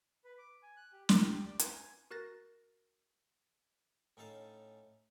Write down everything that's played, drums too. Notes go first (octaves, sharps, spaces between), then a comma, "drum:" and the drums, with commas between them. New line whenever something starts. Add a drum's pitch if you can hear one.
B4
D6
G#5
F#6
G4
A#4, drum: snare
G4
G4
D5
C5, drum: hi-hat
G#5
F#4 A#4 F#6 A6 A#6
A2 C#4 D#4 A4 F5 A5